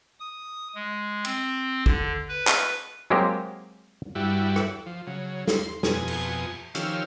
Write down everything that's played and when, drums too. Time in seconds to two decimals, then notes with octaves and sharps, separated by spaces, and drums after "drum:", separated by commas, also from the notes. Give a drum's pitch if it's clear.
0.20 D#6
0.75 G#3
1.25 C4, drum: cymbal
1.86 D3, drum: kick
2.29 B4
2.47 drum: clap
3.10 F#3 G#3 A#3 C4 G4
4.15 G2 G3 E4 F#4
4.56 drum: rim click
4.86 F3
5.07 C#3 F#3
5.47 C6, drum: snare
5.83 F2 B2 G#5 D#6, drum: snare
6.08 drum: cymbal
6.75 D#3 F3 C#4 G4 E6 F6, drum: hi-hat